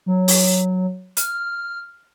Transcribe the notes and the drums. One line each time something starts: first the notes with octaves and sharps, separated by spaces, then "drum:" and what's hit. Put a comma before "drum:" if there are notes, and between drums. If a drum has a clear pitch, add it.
F#3
drum: open hi-hat
F6, drum: hi-hat